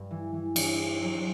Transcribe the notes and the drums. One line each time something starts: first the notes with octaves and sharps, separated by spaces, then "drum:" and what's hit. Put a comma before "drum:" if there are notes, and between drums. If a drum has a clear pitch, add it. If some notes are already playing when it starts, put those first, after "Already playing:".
Already playing: G2
E3
E3
E3, drum: cymbal
E4
F#3